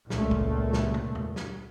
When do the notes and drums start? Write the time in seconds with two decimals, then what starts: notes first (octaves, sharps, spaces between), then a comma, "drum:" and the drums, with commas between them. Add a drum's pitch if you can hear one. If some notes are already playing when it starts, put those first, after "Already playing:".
0.10 C#2 A#2 A3, drum: snare
0.31 drum: kick
0.73 drum: snare
0.94 drum: tom
1.15 drum: tom E2
1.36 drum: snare